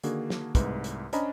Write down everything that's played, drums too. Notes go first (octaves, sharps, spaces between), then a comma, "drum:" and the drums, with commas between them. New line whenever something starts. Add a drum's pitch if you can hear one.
D3 D#3 A#3 D4 F#4 G#4, drum: hi-hat
drum: snare
C2 G#2 A3 B4, drum: kick, hi-hat
drum: hi-hat
C#4 D4 C5 D#5 A#5 B5, drum: hi-hat